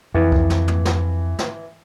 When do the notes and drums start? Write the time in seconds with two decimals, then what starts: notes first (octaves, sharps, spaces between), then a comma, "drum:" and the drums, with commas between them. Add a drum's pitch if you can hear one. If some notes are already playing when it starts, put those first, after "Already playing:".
0.14 F2 E3
0.32 drum: kick C2
0.50 drum: snare
0.68 drum: tom
0.85 drum: snare
1.39 drum: snare